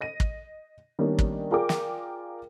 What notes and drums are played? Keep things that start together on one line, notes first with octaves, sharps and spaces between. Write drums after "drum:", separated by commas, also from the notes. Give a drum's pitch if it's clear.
D#5 A#6 D#7
drum: kick
D#3 G3 A#3 B3 C#4 D4
drum: kick
F4 G#4 A#4 D5 G5 D6
drum: snare